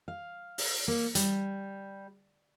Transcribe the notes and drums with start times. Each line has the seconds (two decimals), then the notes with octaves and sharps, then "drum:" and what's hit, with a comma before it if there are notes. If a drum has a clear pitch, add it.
0.08 F5
0.58 drum: open hi-hat
0.88 A#3
1.15 G3, drum: hi-hat